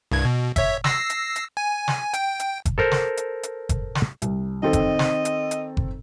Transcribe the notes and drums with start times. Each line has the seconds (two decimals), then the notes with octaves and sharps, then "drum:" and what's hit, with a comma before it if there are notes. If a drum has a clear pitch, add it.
0.11 C2 G2 G#6
0.25 B2
0.56 C#5 E5, drum: kick F#1, hi-hat
0.84 E6 A#6 C7, drum: snare
1.10 drum: hi-hat
1.36 drum: hi-hat
1.57 G#5
1.88 drum: snare
2.14 G5, drum: hi-hat
2.40 drum: hi-hat
2.65 drum: kick F#1, hi-hat
2.78 A4 A#4 C5
2.91 drum: snare
3.17 drum: hi-hat
3.43 drum: hi-hat
3.69 drum: kick F#1, hi-hat
3.95 drum: snare
4.22 C2, drum: hi-hat
4.63 D#3 C4 A4 D#5
4.73 drum: kick F#1, hi-hat
4.99 drum: snare
5.25 drum: hi-hat
5.51 drum: hi-hat
5.77 drum: kick F#1